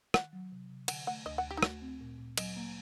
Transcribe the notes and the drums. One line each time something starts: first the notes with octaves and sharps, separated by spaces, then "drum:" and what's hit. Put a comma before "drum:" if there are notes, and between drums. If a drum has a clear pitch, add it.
D#3 F#5, drum: rim click
F#3
C3
C3
D3 F#5, drum: cymbal
A3 F#5
D2 D#5
F#5
D2
G4
D#4
A3 F#4, drum: rim click
C4
A#2
A#2
F#3 D#5, drum: cymbal
A#3